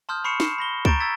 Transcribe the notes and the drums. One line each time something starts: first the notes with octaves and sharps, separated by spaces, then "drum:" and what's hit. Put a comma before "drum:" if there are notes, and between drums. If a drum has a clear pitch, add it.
A5 C6 D#6 F6 G6
B5 C#6 C7 C#7 E7
C7 E7, drum: snare
B5 A#6 G7
A#5 C#6 G6 A6 D7 E7, drum: kick C#2
E6 G#6 A6 B6